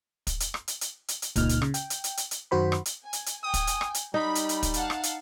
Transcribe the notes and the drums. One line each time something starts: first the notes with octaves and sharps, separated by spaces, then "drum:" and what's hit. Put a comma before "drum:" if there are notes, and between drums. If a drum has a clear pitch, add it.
drum: kick, hi-hat
drum: hi-hat
drum: rim click
drum: hi-hat
drum: hi-hat
drum: hi-hat
drum: hi-hat
C#2 A#2 D#4 F6, drum: kick, hi-hat
drum: hi-hat
C#3, drum: rim click
G5, drum: hi-hat
drum: hi-hat
drum: hi-hat
drum: hi-hat
drum: hi-hat
F#2 D#3 F#4 C5 B5
drum: rim click
drum: hi-hat
G#5
drum: hi-hat
drum: hi-hat
G5 G#5 D#6
drum: kick, hi-hat
drum: hi-hat
drum: rim click
drum: hi-hat
G3 D#4 B5
drum: hi-hat
drum: hi-hat
drum: kick, hi-hat
F5 F#5 A5, drum: hi-hat
drum: rim click
drum: hi-hat